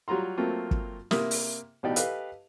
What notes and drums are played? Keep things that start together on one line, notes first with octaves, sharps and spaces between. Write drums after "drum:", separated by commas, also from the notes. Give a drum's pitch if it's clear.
F#3 G3 F4 A#5 C6
F#3 A3 A#3 C4 F4 F#4
drum: kick
C3 A#3 E4 A#4 D#6, drum: snare
drum: open hi-hat
A1 B2 D#4 G4 D5
G4 A4 B4 D#5 F5, drum: hi-hat